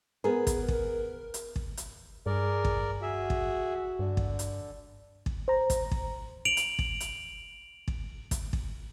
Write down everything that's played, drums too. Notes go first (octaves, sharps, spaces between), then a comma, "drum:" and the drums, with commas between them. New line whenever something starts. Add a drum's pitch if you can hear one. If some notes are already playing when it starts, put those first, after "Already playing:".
B3 G#4 A#4
drum: kick, hi-hat
drum: kick
drum: hi-hat
drum: kick
drum: hi-hat
G2 G#4 A#4 D5
drum: kick
F#4 G#4 E5
drum: kick
G2 D3
drum: kick
drum: hi-hat
drum: kick
C5 A#5
drum: kick, hi-hat
drum: kick
D7 F7 F#7
drum: hi-hat
drum: kick
drum: hi-hat
drum: kick
drum: kick, hi-hat
drum: kick